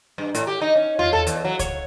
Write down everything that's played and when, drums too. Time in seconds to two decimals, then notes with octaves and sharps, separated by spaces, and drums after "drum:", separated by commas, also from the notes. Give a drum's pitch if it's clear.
0.18 G2
0.35 A2, drum: hi-hat
0.47 G4
0.61 D#4
0.76 C#4
0.99 F4, drum: tom E2
1.13 A4
1.27 E2, drum: hi-hat
1.45 F#3
1.59 C#5, drum: kick C#2, hi-hat